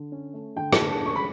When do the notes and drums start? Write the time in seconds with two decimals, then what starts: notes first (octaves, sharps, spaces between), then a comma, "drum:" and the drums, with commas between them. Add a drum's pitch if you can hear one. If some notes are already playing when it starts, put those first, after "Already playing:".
Already playing: D3
0.12 C#4
0.34 A3
0.56 D3 G5
0.73 A5, drum: rim click
0.78 D3
0.89 A5
1.01 C#4 C#6
1.16 B5